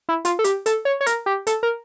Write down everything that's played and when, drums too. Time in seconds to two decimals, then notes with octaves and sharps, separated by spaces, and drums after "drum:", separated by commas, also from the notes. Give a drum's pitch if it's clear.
0.09 E4
0.25 F4, drum: hi-hat
0.39 A4
0.44 G4, drum: hi-hat
0.66 A4, drum: hi-hat
0.85 C#5
1.01 C#5
1.07 A#4, drum: hi-hat
1.26 G4
1.47 A4, drum: hi-hat
1.63 A#4